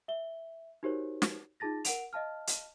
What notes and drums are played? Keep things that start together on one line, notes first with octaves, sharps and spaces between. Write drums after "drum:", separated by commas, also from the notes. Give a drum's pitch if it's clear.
E5 G7
D#4 F#4 G4 A#4 C5 C#5
drum: snare
D#4 F4 G#4 A5 A6 A#6
A#4 F#5 D7 F7, drum: hi-hat
D#5 F5 A5 F6
drum: hi-hat